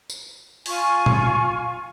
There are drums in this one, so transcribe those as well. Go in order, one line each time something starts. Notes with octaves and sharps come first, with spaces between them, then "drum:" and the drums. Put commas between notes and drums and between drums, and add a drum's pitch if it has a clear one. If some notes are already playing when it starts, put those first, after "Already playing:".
drum: tambourine
F4 G#5 C#6, drum: open hi-hat
drum: tom A#2